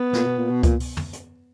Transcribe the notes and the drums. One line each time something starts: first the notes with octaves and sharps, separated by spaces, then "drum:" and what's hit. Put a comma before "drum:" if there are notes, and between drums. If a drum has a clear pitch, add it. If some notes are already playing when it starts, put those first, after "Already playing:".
Already playing: B3
A#2, drum: snare
B2
A#2
B2
A#2, drum: kick C#2, hi-hat
drum: open hi-hat
drum: tom
drum: hi-hat